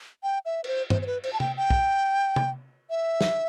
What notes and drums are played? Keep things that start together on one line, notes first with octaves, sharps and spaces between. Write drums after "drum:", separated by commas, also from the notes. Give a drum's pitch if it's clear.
G5
E5
B4, drum: cymbal
C5
C5, drum: tom
C5
B4
C5, drum: cymbal
A5
G5, drum: tom
G5
drum: kick
drum: tom
E5
drum: snare